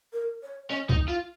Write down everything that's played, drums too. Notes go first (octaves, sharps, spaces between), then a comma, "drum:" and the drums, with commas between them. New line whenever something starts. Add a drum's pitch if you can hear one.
A#4
C#5
C#4 D#5
D#4, drum: kick
F4